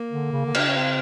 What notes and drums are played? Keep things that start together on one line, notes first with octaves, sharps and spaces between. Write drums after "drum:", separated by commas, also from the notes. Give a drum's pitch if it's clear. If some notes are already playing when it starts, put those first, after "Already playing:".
Already playing: A#3
D3
C#3
D3
C#3 D4, drum: cymbal
C#4
C4